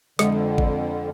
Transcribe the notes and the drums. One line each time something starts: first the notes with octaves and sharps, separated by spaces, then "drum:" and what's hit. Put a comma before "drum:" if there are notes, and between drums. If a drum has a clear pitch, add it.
F2 D3 G#3, drum: snare
drum: kick G#1